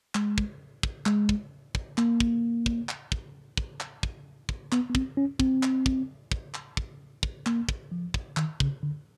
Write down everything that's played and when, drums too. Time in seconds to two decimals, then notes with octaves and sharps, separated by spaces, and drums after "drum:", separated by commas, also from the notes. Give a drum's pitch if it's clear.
0.15 G#3, drum: clap
0.38 drum: kick
0.83 drum: kick
1.06 G#3, drum: clap
1.29 drum: kick
1.75 drum: kick
1.98 A#3, drum: clap
2.20 drum: kick
2.66 drum: kick
2.89 drum: clap
3.12 drum: kick
3.57 drum: kick
3.80 drum: clap
4.03 drum: kick
4.49 drum: kick
4.72 B3, drum: clap
4.90 B3
4.95 C4, drum: kick
5.17 C#4
5.40 C4, drum: kick
5.63 drum: clap
5.86 drum: kick
6.32 drum: kick
6.54 drum: clap
6.77 drum: kick
7.23 drum: kick
7.46 A#3, drum: clap
7.69 drum: kick
7.92 F3
8.14 drum: kick
8.37 D#3, drum: clap
8.60 C#3, drum: kick
8.83 D3